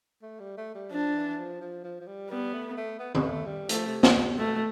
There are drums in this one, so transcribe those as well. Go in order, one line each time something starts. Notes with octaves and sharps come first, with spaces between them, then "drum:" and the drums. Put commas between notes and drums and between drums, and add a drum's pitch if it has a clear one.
A3
G3
A3
G3
F3 D4
E3
F3
F3
F3
F3
G3
G3 B3
A3
A3
B3
G3, drum: tom
A3
G3
F3 A3, drum: hi-hat
C3
D3, drum: snare
C3
B2 A3